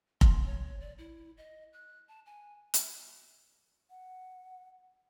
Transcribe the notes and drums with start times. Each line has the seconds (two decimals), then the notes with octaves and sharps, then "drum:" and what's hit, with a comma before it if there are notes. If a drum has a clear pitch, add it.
0.21 C6, drum: kick F1
0.46 C#5
0.80 D5
0.98 E4
1.38 D#5
1.73 F#6
2.08 A5
2.26 G#5
2.74 drum: hi-hat
3.90 F#5